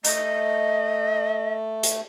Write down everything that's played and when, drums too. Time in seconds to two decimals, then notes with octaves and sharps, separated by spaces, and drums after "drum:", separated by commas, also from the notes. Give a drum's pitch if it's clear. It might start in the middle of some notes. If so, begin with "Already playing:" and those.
0.04 A3 D#5, drum: hi-hat
1.83 drum: hi-hat